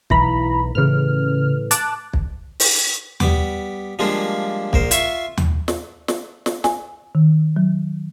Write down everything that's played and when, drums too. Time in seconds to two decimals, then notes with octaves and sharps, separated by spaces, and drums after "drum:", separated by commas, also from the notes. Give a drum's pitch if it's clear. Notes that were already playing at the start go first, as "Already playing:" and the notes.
0.10 B1 E3 E4 A#5 B5, drum: kick
0.75 A2 C#3 E3 F6
1.71 A5 D6 F#6, drum: hi-hat
2.13 drum: kick
2.60 drum: open hi-hat
3.20 G3 B3 D6, drum: tom D#2
3.99 F3 G3 G#3 A#3 D4 F4
4.73 A#1 A#4 C5, drum: kick
4.91 F4 E5 C6 C#6, drum: hi-hat
5.37 drum: tom D#2
5.68 drum: snare
6.08 drum: snare
6.46 drum: snare
6.64 G#5, drum: snare
7.15 D#3
7.56 F#3